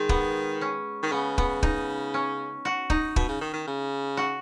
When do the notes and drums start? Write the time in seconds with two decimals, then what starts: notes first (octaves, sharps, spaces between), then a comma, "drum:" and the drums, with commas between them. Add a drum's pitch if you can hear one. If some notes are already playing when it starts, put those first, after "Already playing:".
Already playing: D#3 G#3
0.09 B3, drum: kick
0.61 C#4
1.03 D#3
1.12 C#3 B3
1.38 B3, drum: kick
1.63 D#4, drum: kick
2.14 C#4
2.65 F#4
2.90 D#4, drum: kick
3.16 B2, drum: kick
3.29 C#3
3.41 D#3
3.54 D#3
3.67 C#3
4.17 F#4